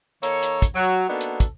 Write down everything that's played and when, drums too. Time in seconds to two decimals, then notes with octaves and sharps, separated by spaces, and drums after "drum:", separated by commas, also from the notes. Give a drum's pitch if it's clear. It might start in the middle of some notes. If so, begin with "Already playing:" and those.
0.23 D#3 A#3 A4 C#5, drum: hi-hat
0.43 drum: hi-hat
0.62 drum: kick, hi-hat
0.76 F#3
1.09 A#3 B3 D4 D#4 F#4 A4
1.21 drum: hi-hat
1.40 drum: kick, hi-hat